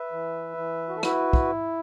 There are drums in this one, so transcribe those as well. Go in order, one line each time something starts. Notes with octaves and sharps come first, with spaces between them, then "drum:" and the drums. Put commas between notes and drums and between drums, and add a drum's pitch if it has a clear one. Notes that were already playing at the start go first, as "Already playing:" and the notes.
Already playing: B4 E5
E3
E3
F#4
A4
E4 F#4 B4, drum: rim click
drum: kick